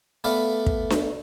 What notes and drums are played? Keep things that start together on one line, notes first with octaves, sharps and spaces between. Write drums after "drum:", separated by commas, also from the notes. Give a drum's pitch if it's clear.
A3 B3 B4 D5 F5
drum: kick
drum: snare D4